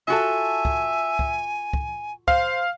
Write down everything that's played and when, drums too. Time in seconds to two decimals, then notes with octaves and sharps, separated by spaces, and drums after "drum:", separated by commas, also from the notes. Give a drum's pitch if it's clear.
0.08 F4 F#4 A4 E5 G#5
0.65 drum: kick
1.19 drum: kick
1.73 drum: kick
2.28 C5 F5, drum: kick